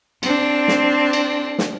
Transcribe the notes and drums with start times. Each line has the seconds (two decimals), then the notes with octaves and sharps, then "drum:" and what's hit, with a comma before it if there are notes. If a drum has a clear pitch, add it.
0.23 C4 D4, drum: cymbal
0.68 drum: snare
1.13 drum: cymbal
1.59 drum: snare